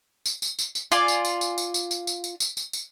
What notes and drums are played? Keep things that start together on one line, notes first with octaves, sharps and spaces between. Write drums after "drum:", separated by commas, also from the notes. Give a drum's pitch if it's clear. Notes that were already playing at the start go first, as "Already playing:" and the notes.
drum: tambourine
drum: tambourine
drum: tambourine
drum: tambourine
F4 D5 F5 G#5, drum: tambourine
drum: tambourine
drum: tambourine
drum: tambourine
drum: tambourine
drum: tambourine
drum: tambourine
drum: tambourine
drum: tambourine
drum: tambourine
drum: tambourine
drum: tambourine